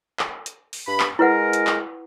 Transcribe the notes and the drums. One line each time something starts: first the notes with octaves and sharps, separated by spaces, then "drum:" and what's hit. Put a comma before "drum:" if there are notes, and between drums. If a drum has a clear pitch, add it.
drum: clap
drum: hi-hat
drum: open hi-hat
G2 B5
drum: clap
G#3 E4 A#4 B4 F#5
drum: hi-hat
drum: clap